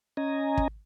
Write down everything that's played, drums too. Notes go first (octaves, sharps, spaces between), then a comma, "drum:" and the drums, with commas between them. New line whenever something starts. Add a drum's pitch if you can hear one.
C#4 D#5 G#5 A#5
drum: kick